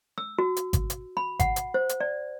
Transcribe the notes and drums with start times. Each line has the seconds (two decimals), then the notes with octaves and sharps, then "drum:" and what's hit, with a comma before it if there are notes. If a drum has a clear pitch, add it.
0.18 E6
0.38 F#4
0.56 drum: hi-hat
0.73 drum: kick G#1, hi-hat
0.90 drum: hi-hat
1.17 B5
1.40 F#5, drum: kick G#1, hi-hat
1.56 drum: hi-hat
1.74 C5
1.89 drum: hi-hat
2.00 D5